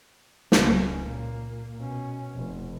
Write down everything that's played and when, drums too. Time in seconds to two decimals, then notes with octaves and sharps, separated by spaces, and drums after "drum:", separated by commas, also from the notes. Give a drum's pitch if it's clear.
0.52 C#2 C#3, drum: snare
1.02 A#2 A#3
1.77 B2 C#4
2.35 F1